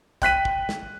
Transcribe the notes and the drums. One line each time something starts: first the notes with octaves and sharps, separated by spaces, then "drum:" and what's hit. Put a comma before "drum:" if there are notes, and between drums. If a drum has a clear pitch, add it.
G5 F#6 B6 D#7, drum: kick, hi-hat
drum: kick
drum: snare